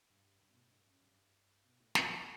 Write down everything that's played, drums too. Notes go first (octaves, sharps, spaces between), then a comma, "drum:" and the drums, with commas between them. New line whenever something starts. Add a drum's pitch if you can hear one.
G2
G2
G2
B2
A2
G2
F#2
G2
B2
A2
F#2, drum: snare